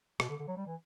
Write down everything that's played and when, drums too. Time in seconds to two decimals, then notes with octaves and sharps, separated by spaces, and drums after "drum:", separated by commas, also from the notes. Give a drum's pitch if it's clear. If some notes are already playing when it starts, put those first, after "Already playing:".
0.20 B2, drum: rim click
0.29 D3
0.39 D3
0.48 F#3
0.56 G3
0.66 E3